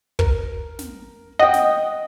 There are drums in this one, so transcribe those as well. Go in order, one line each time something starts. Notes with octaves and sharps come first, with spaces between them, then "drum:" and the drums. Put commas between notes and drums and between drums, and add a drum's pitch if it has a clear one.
A#4, drum: kick
drum: snare
D#5 F#5 G5
drum: snare